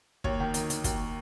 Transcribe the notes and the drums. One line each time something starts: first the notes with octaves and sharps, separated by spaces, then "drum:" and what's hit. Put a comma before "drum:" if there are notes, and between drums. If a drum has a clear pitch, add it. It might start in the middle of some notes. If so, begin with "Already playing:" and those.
D#2 C#5, drum: kick
D#3
D#3, drum: hi-hat
D#3, drum: hi-hat
D#2, drum: kick, hi-hat